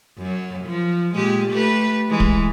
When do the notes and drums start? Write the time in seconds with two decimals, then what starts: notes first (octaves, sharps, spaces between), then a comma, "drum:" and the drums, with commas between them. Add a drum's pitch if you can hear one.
0.18 F#2 F#3
0.65 F3
1.14 A#2 G#3 G4
1.49 A3 G4 B4
2.09 E3 G#3
2.20 drum: kick D1